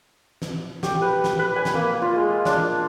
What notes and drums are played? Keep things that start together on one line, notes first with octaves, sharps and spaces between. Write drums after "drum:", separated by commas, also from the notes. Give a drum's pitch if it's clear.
drum: snare
G4, drum: snare
B4
drum: snare
B4
G#5
drum: snare
A#3
F4
G#3
D4, drum: snare